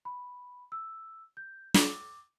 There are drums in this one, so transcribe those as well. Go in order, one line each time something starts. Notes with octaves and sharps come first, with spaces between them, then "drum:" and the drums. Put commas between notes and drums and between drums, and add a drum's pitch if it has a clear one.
B5
E6
G6
D6, drum: snare